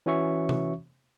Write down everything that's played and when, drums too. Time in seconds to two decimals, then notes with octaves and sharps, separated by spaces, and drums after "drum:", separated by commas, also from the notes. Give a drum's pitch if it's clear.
0.06 E3 C#4 F#4 C#5 E5 C#6
0.49 drum: tom C3